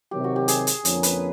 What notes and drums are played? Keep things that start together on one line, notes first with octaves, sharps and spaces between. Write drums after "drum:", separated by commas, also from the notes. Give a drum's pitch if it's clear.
C3 D#3 F#3 G4
F#4
G4
G#4, drum: hi-hat
drum: hi-hat
F2 D3 F3 A#3 C#4, drum: hi-hat
B4, drum: hi-hat